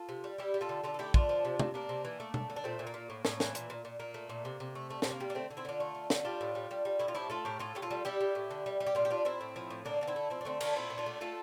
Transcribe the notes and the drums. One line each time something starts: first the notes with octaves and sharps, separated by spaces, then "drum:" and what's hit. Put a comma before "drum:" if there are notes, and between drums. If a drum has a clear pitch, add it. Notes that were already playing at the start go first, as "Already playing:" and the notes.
Already playing: F4 A4
C3
G3
G3 E4 G4
G3
F4 A4
D3
D3 F4 A4
A4
A3 E4 G4
D3 D4 F4, drum: kick
F3
C3
C3, drum: tom
C3 A#3 D4
C3
E3
A3
A3, drum: tom B2
D3
D4
A#2 A3 C4
A#2
A#3
A#2
A2
A2, drum: snare
E3, drum: snare
A#2, drum: hi-hat
A#2
A#2
A#2 A#3
A3
A#2
C3
C3
A3
G3 A3
C3 C4, drum: snare
A#3
G3
D4
D3 A3 C4
D3
C4 E4
D3 D4 F4
A3
D3
D3, drum: snare
G3 D4 F4
A2
G3
G3
G3
A2 E4
F4
F3 E4 G4
A3 F4 A4
A2 G4 A#4
A2 F4 A4
A2 G4
F4 A4
G3
G3 E4 G4
G3
A2
D3
G3
G3
G4
A#2 D4 F4
G4
G3 D4 F4
A#2 C4 E4
A2
F3
A2
D3 A#3 D4
D3 D4
C4 E4
A3
F3 C4 E4
D4
D3 A3 C4
A3 A#3 D4, drum: cymbal
A#2 C4 E4
A#2
D4 F4
A3
A3 F4 A4